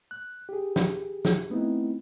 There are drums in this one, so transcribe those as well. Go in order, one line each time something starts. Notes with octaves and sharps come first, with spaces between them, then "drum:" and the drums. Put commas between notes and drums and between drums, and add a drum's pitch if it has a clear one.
F#6
G4 G#4
drum: snare
drum: snare
A3 B3 C4 D#4 E4